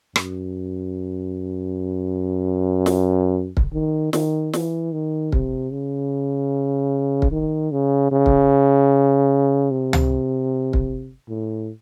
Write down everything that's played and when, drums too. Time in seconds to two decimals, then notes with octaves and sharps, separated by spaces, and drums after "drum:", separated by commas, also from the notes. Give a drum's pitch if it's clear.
0.16 F#2, drum: rim click
2.86 drum: snare
3.57 drum: kick
3.73 D#3
4.13 D#3, drum: snare
4.53 E3, drum: snare
4.92 D#3
5.32 C3, drum: kick
5.72 C#3
7.22 drum: kick
7.31 D#3
7.71 C#3
8.11 C#3
8.26 drum: kick
9.71 C3
9.93 drum: tom
10.73 drum: kick
11.29 A2